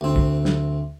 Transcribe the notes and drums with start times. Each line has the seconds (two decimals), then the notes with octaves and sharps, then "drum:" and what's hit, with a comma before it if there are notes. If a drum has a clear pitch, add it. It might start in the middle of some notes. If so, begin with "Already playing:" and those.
0.01 D2 C4
0.16 drum: kick
0.45 drum: snare